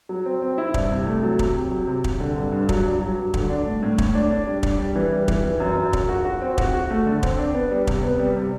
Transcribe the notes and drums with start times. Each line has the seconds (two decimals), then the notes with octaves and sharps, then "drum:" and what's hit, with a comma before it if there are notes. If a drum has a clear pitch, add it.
0.09 F#3
0.26 C4
0.42 C4
0.58 E4
0.74 G2, drum: kick
0.90 C3
1.07 A3
1.23 F#3
1.39 C3, drum: kick
1.55 C3
1.71 F#3
1.87 C3
2.04 C3, drum: kick
2.20 D3
2.36 G2
2.52 G2
2.69 F#3, drum: kick
2.85 G2
3.01 F#3
3.18 G2
3.34 D3, drum: kick
3.50 D4
3.66 A2
3.83 A2
3.98 A2, drum: kick
4.15 D4
4.31 D4
4.47 G3
4.63 D4, drum: kick
4.79 G3
4.96 E3
5.12 G3
5.28 E3, drum: kick
5.44 E3
5.60 F#2
5.77 F#2
5.93 F#2, drum: kick
6.09 F#4
6.25 F#4
6.42 C4
6.58 F#4, drum: kick
6.74 F#4
6.90 A3
7.06 D3
7.23 C4, drum: kick
7.39 D4
7.55 B3
7.71 G3
7.87 C3, drum: kick
8.03 B3
8.19 G3
8.36 C3